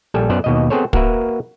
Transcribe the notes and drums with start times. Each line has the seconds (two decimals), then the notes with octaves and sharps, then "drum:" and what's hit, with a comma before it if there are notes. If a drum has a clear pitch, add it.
0.14 A#1 G3 A4 G#5
0.30 F#2 B3 C5 D5
0.44 D#2 B2 D#5
0.70 B3 C4 G#4 A4 C5 C#5
0.93 A#3 F#4 A#4 B4 E5, drum: kick